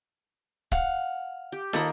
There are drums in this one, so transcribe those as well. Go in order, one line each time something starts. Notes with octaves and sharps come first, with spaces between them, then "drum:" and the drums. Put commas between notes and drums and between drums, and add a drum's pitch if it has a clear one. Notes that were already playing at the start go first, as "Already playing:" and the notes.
F5 F#5, drum: kick
G4
D#3 A#3 A4 B5 D#6, drum: snare